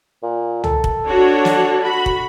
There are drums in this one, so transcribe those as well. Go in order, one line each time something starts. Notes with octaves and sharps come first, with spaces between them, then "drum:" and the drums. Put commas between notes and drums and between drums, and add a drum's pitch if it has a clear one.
A#2
A4, drum: tom
drum: kick
D4 F#4 C#5
drum: snare
F#4 B5
drum: kick